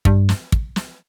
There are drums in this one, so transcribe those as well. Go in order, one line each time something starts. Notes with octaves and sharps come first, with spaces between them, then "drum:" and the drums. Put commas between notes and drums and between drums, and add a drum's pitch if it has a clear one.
G2, drum: kick
drum: snare
drum: kick
drum: snare